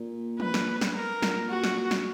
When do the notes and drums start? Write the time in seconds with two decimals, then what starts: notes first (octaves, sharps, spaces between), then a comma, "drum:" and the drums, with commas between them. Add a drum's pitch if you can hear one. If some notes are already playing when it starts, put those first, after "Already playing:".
Already playing: A#2
0.40 B4, drum: tom
0.54 drum: snare
0.81 drum: snare
0.96 A#4
1.22 A#2, drum: snare
1.50 F#4
1.64 drum: snare
1.91 drum: snare